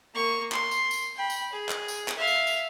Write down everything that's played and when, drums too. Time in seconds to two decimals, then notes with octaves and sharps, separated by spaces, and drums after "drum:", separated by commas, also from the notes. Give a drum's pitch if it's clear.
0.14 A#3 C#6
0.52 C6, drum: clap
0.71 drum: tambourine
0.91 drum: tambourine
1.15 G5 B5
1.30 drum: tambourine
1.53 G#4
1.69 drum: clap
1.88 drum: tambourine
2.08 drum: clap
2.17 E5 F5
2.27 drum: tambourine
2.47 drum: tambourine